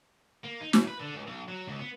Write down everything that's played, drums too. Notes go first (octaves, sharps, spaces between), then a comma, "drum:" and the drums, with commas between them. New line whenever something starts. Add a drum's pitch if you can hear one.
A#3
D#4
F#2, drum: snare
B4
D3
C#2
B1
F#3
C#2
B3